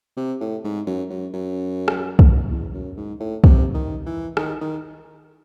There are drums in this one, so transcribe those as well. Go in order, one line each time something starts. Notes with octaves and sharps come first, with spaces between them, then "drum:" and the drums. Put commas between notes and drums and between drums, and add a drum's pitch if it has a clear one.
C3
A2
G#2
F#2
F#2
F#2
drum: rim click
drum: kick
E2
F#2
G#2
A2
C3, drum: kick
D#3
E3
D#3, drum: rim click
D#3